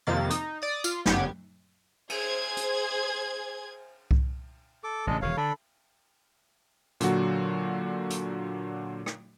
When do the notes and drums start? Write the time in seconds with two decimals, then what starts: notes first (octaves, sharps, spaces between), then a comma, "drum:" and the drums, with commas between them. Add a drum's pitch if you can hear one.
0.07 F2 C3 D#3 A#3 A6
0.30 D#4, drum: hi-hat
0.62 D5 D#6
0.84 F4, drum: tambourine
1.06 G1 F#2 B3 G4 G#6, drum: snare
2.10 G#4 C5 G#6, drum: cymbal
2.57 drum: hi-hat
4.11 drum: kick C2
4.84 A4 D6
5.07 A1 C#3 G#3 D4 D#5
5.22 E1 D#3 C#5 F5
5.37 D3 D4 A4 B5
7.00 A#2 D3 F#3 F#4, drum: hi-hat
8.10 drum: hi-hat
9.06 drum: rim click